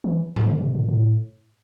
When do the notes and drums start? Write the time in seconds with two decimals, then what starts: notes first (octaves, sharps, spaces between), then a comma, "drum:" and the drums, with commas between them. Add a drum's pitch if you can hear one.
0.04 E3
0.36 drum: tom G#2
0.46 D3
0.61 B2
0.75 A2
0.88 A2